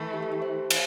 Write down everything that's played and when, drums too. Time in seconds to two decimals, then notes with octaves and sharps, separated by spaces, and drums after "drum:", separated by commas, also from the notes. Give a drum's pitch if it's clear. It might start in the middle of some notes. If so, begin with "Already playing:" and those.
Already playing: E3 A3 E4
0.13 G4
0.23 A4
0.32 G4
0.42 C5
0.70 C5, drum: cymbal